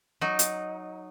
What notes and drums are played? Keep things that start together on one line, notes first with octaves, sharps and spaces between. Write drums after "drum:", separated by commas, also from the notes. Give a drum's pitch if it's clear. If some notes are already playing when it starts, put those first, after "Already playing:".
F#3 D#4
drum: hi-hat